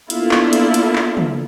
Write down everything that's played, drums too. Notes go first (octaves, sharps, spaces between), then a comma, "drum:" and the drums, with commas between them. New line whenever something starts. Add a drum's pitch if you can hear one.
A#3 B3 D4 E4 F4 A4, drum: hi-hat
drum: clap
drum: hi-hat
drum: hi-hat
drum: clap
drum: tom